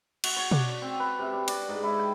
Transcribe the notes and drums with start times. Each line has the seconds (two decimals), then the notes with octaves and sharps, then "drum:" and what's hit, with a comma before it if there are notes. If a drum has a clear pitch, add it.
0.24 F#4, drum: cymbal
0.36 C#5
0.51 D4, drum: tom B2
0.69 C#5
0.82 C4
0.99 B4
1.19 C3
1.33 D4
1.48 D4, drum: cymbal
1.68 G#2
1.83 E4
1.99 G5